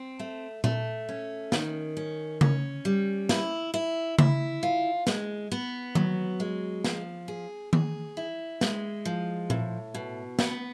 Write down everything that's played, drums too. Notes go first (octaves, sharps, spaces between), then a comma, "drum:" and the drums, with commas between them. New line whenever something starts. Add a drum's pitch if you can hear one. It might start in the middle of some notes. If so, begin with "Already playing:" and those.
Already playing: C4
A3
A3, drum: tom A#2
C#4
D#3, drum: snare
C#4
C#4, drum: tom C#3
G3
E4, drum: snare
E4
E4, drum: tom C#3
F4
G#3, drum: snare
B3
F#3, drum: tom D#3
G#3
F3, drum: snare
G#4
G#4, drum: tom D#3
E4
G#3, drum: snare
F3
A2, drum: tom A#2
B2
B3, drum: snare